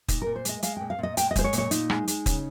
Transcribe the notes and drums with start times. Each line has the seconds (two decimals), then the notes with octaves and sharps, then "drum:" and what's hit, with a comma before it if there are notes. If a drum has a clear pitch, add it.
0.08 A#2 D#4, drum: kick, hi-hat
0.22 A#2 A#4
0.36 C5
0.45 G#3 D#5, drum: hi-hat
0.63 G#3 F5, drum: hi-hat
0.77 A#2 G5
0.90 F5
0.99 A#2 D#5
1.17 G#3 G5, drum: hi-hat
1.31 D#5
1.36 G#3 C5, drum: kick, hi-hat
1.44 C#5
1.53 A#2, drum: hi-hat
1.58 C#5
1.71 A#2 D#4, drum: hi-hat
1.90 G#3, drum: rim click
2.08 G#3, drum: hi-hat
2.26 C#3, drum: kick, hi-hat